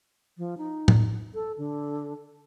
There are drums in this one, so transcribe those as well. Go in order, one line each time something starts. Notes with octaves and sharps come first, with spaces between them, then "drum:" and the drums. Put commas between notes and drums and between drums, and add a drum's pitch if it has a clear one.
F3
D#4
drum: tom A2
A4
D3